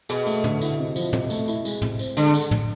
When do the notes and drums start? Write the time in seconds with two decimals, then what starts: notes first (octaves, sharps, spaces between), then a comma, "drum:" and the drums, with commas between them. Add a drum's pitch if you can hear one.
0.09 B2 G#4, drum: tambourine
0.26 A3, drum: tambourine
0.44 D3, drum: tom
0.61 E4, drum: tambourine
0.79 C3
0.96 F3, drum: tambourine
1.13 C3, drum: tom
1.30 A3, drum: tambourine
1.48 E4, drum: tambourine
1.65 G#3, drum: tambourine
1.82 C3, drum: tom
1.99 C4, drum: tambourine
2.17 D3 G#3, drum: tambourine
2.34 drum: tambourine
2.51 drum: tom